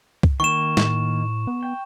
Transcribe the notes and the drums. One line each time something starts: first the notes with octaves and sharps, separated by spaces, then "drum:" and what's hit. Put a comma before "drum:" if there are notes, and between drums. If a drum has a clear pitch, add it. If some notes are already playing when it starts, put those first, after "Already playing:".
drum: kick C2
D#3 A#3 C#6 E7
A2, drum: snare
B3
G5